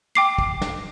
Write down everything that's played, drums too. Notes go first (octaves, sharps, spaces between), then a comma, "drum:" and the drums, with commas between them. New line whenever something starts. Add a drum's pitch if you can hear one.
G5 D6 C7
drum: kick
drum: snare